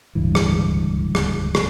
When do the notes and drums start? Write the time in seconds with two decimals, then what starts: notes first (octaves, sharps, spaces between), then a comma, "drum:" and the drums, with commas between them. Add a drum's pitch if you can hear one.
0.15 D1 C#2 G2 E3
0.35 drum: rim click
1.15 drum: rim click
1.55 drum: rim click